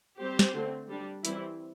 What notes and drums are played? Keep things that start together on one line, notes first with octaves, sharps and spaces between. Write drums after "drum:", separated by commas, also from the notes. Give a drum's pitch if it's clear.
G3 C4 G4 C5
drum: snare
D3 A3 C4
G3 D4
E3 G3 C4 E4, drum: hi-hat